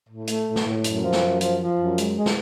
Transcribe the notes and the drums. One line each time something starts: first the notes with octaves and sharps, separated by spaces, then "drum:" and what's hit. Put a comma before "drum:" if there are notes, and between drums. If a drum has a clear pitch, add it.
A2
A3, drum: hi-hat
A2
drum: snare
A2
F#2, drum: hi-hat
F3
drum: snare
F#2
F3, drum: hi-hat
F3
F#2
G#3, drum: hi-hat
G#3
drum: snare